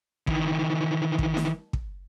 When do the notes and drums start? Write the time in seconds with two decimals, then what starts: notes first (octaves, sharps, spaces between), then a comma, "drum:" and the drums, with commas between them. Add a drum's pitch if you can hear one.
0.27 D#3 E3, drum: kick
1.19 drum: kick
1.37 drum: snare
1.73 drum: kick